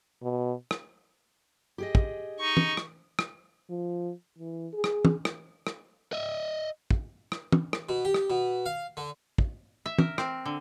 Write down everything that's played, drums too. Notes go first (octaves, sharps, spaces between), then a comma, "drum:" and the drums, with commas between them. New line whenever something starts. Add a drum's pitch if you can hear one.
B2
drum: rim click
G4 G#4 D#5
drum: kick
D#4 C#6
drum: tom
drum: rim click
drum: rim click
F3
E3
G#4
drum: rim click
drum: tom
drum: rim click
drum: rim click
D#5 E5
drum: kick
drum: rim click
drum: tom
drum: rim click
B2
G4
drum: rim click
B2
F5
D3
drum: kick
E5
A#4, drum: tom
C4, drum: rim click
D3